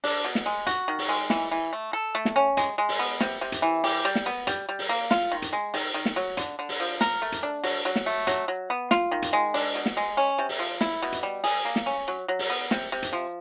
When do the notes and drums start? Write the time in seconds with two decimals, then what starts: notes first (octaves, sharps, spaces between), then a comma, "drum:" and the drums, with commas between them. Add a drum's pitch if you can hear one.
0.04 D4, drum: open hi-hat
0.25 B2
0.35 drum: snare
0.46 G#3
0.67 F#4, drum: hi-hat
0.88 D#3
0.99 drum: open hi-hat
1.09 G#3
1.30 E3, drum: snare
1.51 E3
1.73 A3
1.93 A4
2.15 A3
2.25 drum: snare
2.36 C#4
2.57 G#3, drum: hi-hat
2.78 G#3
2.89 drum: open hi-hat
2.99 B3
3.21 C3, drum: snare
3.41 C3
3.52 drum: hi-hat
3.62 E3
3.84 G4, drum: open hi-hat
4.05 G3
4.15 drum: snare
4.26 B3
4.47 G3, drum: hi-hat
4.69 G3
4.79 drum: open hi-hat
4.89 A#3
5.11 F4, drum: snare
5.32 D#3
5.42 drum: hi-hat
5.53 G#3
5.74 D#3, drum: open hi-hat
5.94 D#3
6.06 drum: snare
6.16 F#3
6.37 D3, drum: hi-hat
6.59 D3
6.69 drum: open hi-hat
6.80 F3
7.01 A#4, drum: snare
7.22 A3
7.32 drum: hi-hat
7.43 D4
7.64 F#3, drum: open hi-hat
7.85 F#3
7.96 drum: snare
8.06 A3
8.27 F#3, drum: hi-hat
8.48 F#3
8.70 B3
8.91 F4, drum: snare
9.11 D#3
9.22 drum: hi-hat
9.33 G#3
9.54 D4, drum: open hi-hat
9.75 B2
9.86 drum: snare
9.97 G#3
10.17 C#4
10.38 C3
10.49 drum: open hi-hat
10.59 F3
10.81 E4, drum: snare
11.02 B2
11.12 drum: hi-hat
11.23 G3
11.44 G#4, drum: open hi-hat
11.65 A#3
11.76 drum: snare
11.86 C#4
12.08 F#3
12.28 F#3
12.39 drum: open hi-hat
12.50 B3
12.71 C3, drum: snare
12.92 C3
13.03 drum: hi-hat
13.13 F3